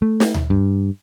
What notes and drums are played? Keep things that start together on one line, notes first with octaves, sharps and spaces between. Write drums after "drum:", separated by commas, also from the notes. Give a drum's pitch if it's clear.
A3
drum: snare
drum: tom D2
G2